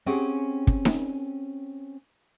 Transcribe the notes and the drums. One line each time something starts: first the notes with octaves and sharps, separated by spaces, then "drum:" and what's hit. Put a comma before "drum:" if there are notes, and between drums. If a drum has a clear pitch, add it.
C4 C#4 G4 G#4 F#5
drum: kick
drum: snare D#4